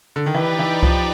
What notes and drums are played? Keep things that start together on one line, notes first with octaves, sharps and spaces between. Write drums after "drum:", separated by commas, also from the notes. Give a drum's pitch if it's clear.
D3
D#3
E3 D#4 G4 B4 D5 G5
E3
F3, drum: kick C2